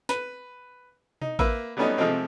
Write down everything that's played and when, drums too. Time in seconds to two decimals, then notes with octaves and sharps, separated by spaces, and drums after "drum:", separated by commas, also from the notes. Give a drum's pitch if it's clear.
0.09 B4, drum: snare
1.21 D#4, drum: tom B2
1.39 A#3 B4 E5, drum: kick A1
1.77 F#3 G3 A3 B3 C#4 D#4
1.98 C3 F3 G#3 A3 C4 D#4